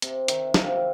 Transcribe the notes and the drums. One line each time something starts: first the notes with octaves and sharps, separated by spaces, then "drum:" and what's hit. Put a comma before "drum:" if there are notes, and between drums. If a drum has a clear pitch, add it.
C3, drum: hi-hat
D#3 E5, drum: hi-hat
C3 F5, drum: snare